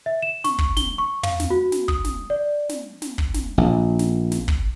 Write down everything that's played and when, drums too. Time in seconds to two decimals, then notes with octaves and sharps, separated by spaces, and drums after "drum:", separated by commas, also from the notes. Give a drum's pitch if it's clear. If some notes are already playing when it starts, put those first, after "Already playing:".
0.06 E5
0.22 E7
0.44 C#6, drum: snare
0.58 drum: kick
0.77 G7, drum: snare
0.98 C#6
1.23 F5, drum: tom
1.40 drum: snare
1.50 F#4
1.72 drum: snare
1.88 D#6, drum: kick
2.04 drum: snare
2.30 D5
2.69 drum: snare
3.02 drum: snare
3.18 drum: kick
3.34 drum: snare
3.58 A#1
3.99 drum: snare
4.32 drum: snare
4.48 drum: kick